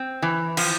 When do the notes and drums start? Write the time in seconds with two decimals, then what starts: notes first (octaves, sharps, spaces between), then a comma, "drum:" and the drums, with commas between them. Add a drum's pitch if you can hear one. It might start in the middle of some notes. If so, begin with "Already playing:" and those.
Already playing: C4
0.22 E3
0.57 F3, drum: cymbal